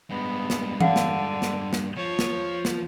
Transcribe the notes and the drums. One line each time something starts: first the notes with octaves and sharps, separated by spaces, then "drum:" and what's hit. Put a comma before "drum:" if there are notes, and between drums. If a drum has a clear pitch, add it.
G2 G#3 B3
drum: snare
D3 F5 F#5, drum: tom E3
drum: snare
drum: snare
drum: snare
F3 C#5
drum: snare
drum: snare